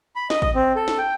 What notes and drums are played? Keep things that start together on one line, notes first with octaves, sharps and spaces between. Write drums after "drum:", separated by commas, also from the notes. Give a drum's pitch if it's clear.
B5
D#5, drum: snare
D#5, drum: kick A1
C4
A4
drum: snare
G5